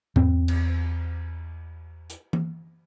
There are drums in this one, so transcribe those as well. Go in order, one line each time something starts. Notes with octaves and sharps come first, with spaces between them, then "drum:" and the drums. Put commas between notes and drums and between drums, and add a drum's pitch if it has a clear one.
E2 C4, drum: tom G#2
drum: cymbal
drum: hi-hat
drum: tom E3